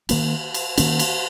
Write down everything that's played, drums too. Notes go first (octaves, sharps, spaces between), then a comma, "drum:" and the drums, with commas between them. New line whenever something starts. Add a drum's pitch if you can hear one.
D#3 A#3 C#4, drum: cymbal
drum: cymbal
D#3 A#3 C#4, drum: cymbal
drum: cymbal